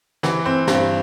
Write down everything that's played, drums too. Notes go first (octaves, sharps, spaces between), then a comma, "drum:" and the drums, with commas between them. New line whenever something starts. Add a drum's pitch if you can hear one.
E3, drum: snare
C4
G2, drum: snare